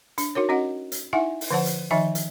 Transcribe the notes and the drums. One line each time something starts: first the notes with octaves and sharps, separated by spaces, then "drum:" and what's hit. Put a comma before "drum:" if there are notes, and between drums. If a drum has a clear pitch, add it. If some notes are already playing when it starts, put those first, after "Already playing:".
D4, drum: hi-hat
D#4 F#4 A#4 C#5
C#4 F#4 D#5 F#5
drum: hi-hat
D#4 E4 E5 F#5 G#5
drum: open hi-hat
D3 F3 C5 F#5 A5
drum: hi-hat
D#3 F3 D#4 D#5 E5 G#5
drum: hi-hat